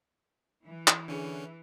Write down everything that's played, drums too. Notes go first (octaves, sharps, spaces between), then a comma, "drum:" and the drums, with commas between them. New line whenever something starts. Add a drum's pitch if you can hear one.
E3
drum: clap
D3 C#4 D4 G#4